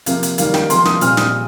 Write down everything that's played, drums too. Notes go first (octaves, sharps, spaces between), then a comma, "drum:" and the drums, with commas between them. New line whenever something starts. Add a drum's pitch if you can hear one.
C3 F3 A#3 F5, drum: hi-hat
drum: hi-hat
D#3 G3 A#3 F5, drum: hi-hat
G5, drum: snare
C3 F3 A#3 C6, drum: hi-hat
D#6, drum: snare
A#2 G3 C4 F6, drum: hi-hat
D#6, drum: snare